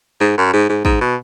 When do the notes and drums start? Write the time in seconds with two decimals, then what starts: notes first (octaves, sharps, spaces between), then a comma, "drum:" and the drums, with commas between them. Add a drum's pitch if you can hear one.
0.21 G#2
0.37 F#2
0.53 G#2
0.69 G#2
0.85 G#2, drum: kick
1.01 B2